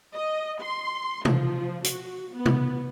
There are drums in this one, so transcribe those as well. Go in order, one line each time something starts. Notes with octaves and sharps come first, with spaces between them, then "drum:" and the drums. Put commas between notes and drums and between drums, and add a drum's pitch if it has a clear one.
D#5
C6
F3, drum: tom B2
F#4, drum: hi-hat
B3
drum: tom B2